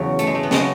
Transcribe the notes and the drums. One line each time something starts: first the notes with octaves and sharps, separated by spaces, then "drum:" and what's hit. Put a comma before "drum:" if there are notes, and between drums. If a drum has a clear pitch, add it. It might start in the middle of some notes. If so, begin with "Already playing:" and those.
Already playing: E2 C#3 F#3
A3, drum: hi-hat
G#3
A3
B3
C#3 F#3 G#3, drum: snare